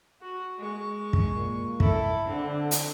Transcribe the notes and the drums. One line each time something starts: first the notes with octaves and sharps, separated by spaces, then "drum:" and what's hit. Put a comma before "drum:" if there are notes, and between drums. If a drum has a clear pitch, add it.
F#4
G#3 C#6
drum: kick
A#2
E4 A4, drum: kick
D3 C4
drum: hi-hat